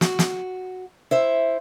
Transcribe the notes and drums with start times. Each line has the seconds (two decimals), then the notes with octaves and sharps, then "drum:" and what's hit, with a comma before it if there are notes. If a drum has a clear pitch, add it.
0.01 F#4, drum: snare
0.19 drum: snare
1.11 E4 C5 E5